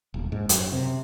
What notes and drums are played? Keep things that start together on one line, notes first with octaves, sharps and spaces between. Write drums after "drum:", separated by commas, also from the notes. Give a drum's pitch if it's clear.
D#1
G#2
F#2, drum: hi-hat
C3